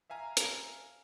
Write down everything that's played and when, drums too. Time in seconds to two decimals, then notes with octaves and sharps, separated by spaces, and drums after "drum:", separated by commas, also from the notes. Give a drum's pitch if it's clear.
0.10 E5 F5 G#5 A#5 F6
0.37 drum: hi-hat